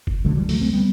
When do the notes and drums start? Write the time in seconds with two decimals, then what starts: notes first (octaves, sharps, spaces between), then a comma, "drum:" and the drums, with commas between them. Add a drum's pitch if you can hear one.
0.07 drum: kick
0.25 D2 D3 F#3 A3
0.37 E3 G3
0.49 F#3 A3, drum: open hi-hat
0.61 A3 C4
0.73 G3 B3